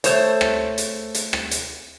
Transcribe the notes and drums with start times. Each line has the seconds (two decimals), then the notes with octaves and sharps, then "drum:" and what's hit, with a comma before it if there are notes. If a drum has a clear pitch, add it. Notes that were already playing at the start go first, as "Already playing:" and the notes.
0.04 A3 C5 C#5, drum: hi-hat
0.41 drum: rim click
0.78 drum: hi-hat
1.15 drum: hi-hat
1.33 drum: rim click
1.51 drum: hi-hat